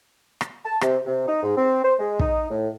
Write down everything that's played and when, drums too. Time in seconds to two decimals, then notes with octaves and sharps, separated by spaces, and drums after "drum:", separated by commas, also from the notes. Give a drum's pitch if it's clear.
0.41 drum: rim click
0.64 A5
0.81 C3, drum: rim click
1.05 C3
1.26 D#4
1.43 G#2
1.57 C4
1.83 C5
1.98 G#3
2.19 D#4, drum: kick
2.49 A2